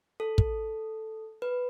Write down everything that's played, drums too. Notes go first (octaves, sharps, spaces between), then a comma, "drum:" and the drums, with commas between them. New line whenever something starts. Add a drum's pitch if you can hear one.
A4
drum: kick
B4